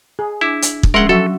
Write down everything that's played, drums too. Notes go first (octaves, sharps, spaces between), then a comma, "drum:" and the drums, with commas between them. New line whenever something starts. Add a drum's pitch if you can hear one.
G#4
D4 E4 D6
drum: hi-hat
drum: kick
F3 G#3 C#4 A#4 E5 F#5 C6
F#3 F#4 A4 E5